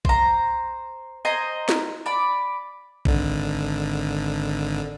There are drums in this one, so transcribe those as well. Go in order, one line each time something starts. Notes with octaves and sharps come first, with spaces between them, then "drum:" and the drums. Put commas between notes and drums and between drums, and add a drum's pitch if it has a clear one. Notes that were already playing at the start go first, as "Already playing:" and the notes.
C5 A#5, drum: kick A1
C5 D#5 G#5 A#5
drum: snare
D5 B5
G#1 D3, drum: kick A1